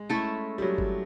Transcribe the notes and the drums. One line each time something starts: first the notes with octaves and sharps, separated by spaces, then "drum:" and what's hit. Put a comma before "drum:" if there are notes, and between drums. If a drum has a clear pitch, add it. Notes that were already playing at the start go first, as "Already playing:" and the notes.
Already playing: G#3
A3 C#4 E4 A4
G3
F#3
drum: kick G1